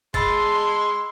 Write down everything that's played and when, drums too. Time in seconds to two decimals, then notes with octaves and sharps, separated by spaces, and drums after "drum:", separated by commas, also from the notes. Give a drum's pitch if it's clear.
0.14 G#3 A5 B5 C6 E6 C7, drum: kick